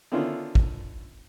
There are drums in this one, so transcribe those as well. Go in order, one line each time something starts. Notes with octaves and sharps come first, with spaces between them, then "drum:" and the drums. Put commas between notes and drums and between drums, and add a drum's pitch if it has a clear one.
D3 D#3 B3 C#4 E4 F4
drum: kick